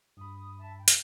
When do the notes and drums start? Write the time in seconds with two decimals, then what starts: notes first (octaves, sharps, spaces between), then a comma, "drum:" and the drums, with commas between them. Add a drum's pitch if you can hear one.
0.17 G2 B5 D#6
0.59 E5 A5
0.78 G5
0.88 drum: hi-hat